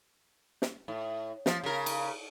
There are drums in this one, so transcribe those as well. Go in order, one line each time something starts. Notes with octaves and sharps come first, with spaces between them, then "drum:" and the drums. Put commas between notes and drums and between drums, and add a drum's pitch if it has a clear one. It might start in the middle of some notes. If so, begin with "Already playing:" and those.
drum: snare
A2
F3, drum: snare
C#3 A#4
drum: cymbal